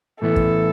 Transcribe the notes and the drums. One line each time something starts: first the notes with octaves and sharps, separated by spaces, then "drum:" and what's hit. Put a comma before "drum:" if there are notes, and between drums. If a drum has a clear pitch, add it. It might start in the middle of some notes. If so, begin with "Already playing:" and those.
A2 E3 B3 E4 A4
drum: kick